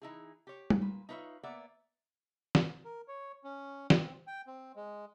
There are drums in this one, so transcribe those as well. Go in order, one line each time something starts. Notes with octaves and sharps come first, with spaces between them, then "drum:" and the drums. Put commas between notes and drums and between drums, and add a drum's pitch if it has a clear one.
E3 D#4 E4 G#4
G4 C#5
drum: tom G3
A#2 B4
D#4 F4 B4 C#5 E5
A#3 B3 D5 E5 F#5
drum: snare
A#4
C#5
C#4
C4, drum: snare
G5
C4
G#3